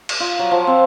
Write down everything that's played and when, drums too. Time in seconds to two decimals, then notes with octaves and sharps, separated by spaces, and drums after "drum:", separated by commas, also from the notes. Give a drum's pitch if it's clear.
0.09 drum: cymbal
0.20 F4
0.39 F#3
0.51 F3
0.67 C4